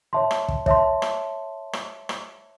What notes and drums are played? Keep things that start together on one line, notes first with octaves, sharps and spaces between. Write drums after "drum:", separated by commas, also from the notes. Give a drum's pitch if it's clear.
C#5 E5 A5 C6
drum: rim click
drum: kick
C#5 E5 A5 C6, drum: kick
drum: rim click
drum: rim click
drum: rim click